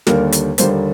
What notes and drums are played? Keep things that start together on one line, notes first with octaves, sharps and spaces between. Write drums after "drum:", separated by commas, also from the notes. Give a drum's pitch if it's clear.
D#2 D3 G3 A#3 A#4, drum: snare
drum: hi-hat
D#2 D3 G3 A#3 C5, drum: hi-hat